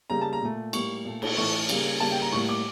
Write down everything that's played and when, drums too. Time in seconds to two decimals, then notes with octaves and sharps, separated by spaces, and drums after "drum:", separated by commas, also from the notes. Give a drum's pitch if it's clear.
0.10 C#3 G3 A#3 A#5
0.21 A5
0.33 A#5
0.41 A#2 A3
0.73 A2 G3 A#3 C#6, drum: cymbal
1.05 A#2 A3
1.22 drum: cymbal
1.37 A2 E3 A3 C#6
1.69 C#3 G3 A#3, drum: cymbal
2.00 C#3 G3 A#3 A5
2.11 G5
2.22 A#5
2.32 A2 G3 A#3 C#6
2.49 D6